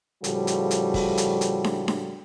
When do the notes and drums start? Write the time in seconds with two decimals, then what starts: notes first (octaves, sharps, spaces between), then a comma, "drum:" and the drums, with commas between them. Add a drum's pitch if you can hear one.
0.24 A2 C#3 F3 G3 F#4 A4, drum: hi-hat
0.47 drum: hi-hat
0.71 drum: hi-hat
0.94 drum: kick, open hi-hat
1.18 drum: hi-hat
1.41 drum: hi-hat
1.64 drum: snare D4
1.88 drum: snare D4